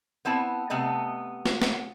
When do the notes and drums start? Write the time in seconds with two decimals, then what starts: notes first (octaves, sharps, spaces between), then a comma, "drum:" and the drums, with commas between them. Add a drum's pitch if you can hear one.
0.25 B3 C4 E4 A5
0.70 C3 A3 B3 D#5
1.46 drum: snare
1.62 drum: snare